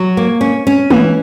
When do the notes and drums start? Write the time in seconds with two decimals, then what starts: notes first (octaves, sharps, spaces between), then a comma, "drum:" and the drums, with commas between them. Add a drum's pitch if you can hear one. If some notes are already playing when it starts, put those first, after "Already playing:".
Already playing: F#3
0.17 A#3
0.41 C#4
0.67 C#4
0.91 E3, drum: tom G#3